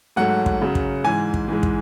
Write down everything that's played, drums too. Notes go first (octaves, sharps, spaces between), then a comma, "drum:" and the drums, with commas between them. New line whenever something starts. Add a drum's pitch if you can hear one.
G#2 F#3 A3 F#5
drum: kick
F#2 C#3 F#3
drum: kick
G#2 E3 G#3 G#5
drum: kick
G#2 E3 G#3
drum: kick